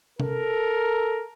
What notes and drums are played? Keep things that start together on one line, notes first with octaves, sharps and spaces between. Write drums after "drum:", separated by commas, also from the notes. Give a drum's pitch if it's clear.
A4 A#4, drum: tom C3